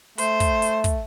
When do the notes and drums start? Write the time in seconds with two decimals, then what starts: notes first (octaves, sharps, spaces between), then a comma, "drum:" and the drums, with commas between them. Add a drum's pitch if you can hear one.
0.18 A3 C5, drum: hi-hat
0.40 drum: kick, hi-hat
0.62 drum: hi-hat
0.84 drum: kick, hi-hat